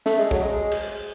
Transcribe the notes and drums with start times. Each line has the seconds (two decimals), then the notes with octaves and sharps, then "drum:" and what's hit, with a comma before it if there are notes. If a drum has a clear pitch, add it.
0.06 A3, drum: snare
0.18 G#3
0.31 F#3, drum: kick
0.43 G#3
0.72 drum: cymbal